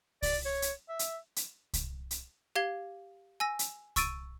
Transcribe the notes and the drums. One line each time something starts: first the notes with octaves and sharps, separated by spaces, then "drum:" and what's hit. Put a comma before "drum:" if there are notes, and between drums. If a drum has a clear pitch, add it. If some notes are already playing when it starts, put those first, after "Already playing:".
D5, drum: kick C2, open hi-hat
C#5
drum: hi-hat
E5
drum: hi-hat
drum: hi-hat
drum: kick C2, hi-hat
drum: hi-hat
G4 F5 G#6 G7
G#5 E6 A#6
drum: hi-hat
C#6 E6 A6 D7 D#7, drum: kick C2, hi-hat